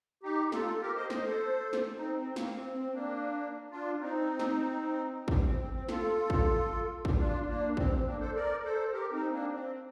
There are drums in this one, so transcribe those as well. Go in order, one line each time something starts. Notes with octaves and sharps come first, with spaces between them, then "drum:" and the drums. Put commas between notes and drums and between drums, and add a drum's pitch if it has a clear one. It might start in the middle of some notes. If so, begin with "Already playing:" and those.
D#4 G4
F4 A4, drum: snare
G4 A#4
C5 D#5
C5 D#5, drum: snare
A4 C5
drum: snare
C4 D#4
C4
A#3, drum: snare
C4
C4
A#3 D4
D4 F4
C4 D#4
drum: snare
drum: kick
C4
C4
C4
F4 A4, drum: snare
drum: kick
drum: kick
D4 F4
A#3 D4
C4, drum: kick
C4
A#3 D4
A4 C5
A#4 D5
A4 C5
G4 A#4
C4 D#4
A#3 D4
C4